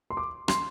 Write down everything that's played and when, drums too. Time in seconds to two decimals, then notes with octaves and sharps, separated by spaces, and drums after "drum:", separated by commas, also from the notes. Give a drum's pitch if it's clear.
0.10 C6
0.17 D6
0.48 C6, drum: rim click